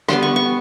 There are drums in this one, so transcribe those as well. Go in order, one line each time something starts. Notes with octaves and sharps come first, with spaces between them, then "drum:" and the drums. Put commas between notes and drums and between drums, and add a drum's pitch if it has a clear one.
D3 G3 B3 C6, drum: rim click
C#6
C#6